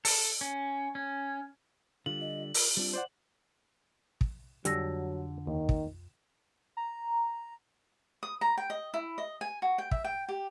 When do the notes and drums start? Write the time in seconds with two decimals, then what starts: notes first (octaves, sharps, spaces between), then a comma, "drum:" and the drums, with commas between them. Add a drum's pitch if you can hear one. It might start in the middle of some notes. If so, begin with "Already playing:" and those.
0.05 A4, drum: open hi-hat
0.41 C#4
0.95 C#4
2.06 D3 G3 F4 F#7
2.21 D#5
2.54 A#4, drum: open hi-hat
2.77 G3 C4 D4 F4
2.93 C5 D5 F#5
4.21 drum: kick
4.65 F2 D3 F#3 G3 E6 A#6, drum: hi-hat
5.47 D#2 D#3
5.69 drum: kick
6.77 A#5
8.23 D#6
8.41 A#5
8.57 G5
8.70 D#5
8.94 E4
9.18 D#5
9.41 G#5
9.62 F#4
9.78 G5
9.91 E5, drum: kick
10.04 G5
10.28 G4